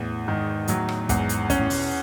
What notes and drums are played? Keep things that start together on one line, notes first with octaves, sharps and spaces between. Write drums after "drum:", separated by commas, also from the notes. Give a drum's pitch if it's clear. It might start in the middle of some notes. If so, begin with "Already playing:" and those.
Already playing: E2 A2
G#2 D#3
A2 F#3, drum: hi-hat
drum: rim click
E2 G#2, drum: kick, hi-hat
drum: hi-hat
C#4, drum: kick, hi-hat
A2
B2, drum: open hi-hat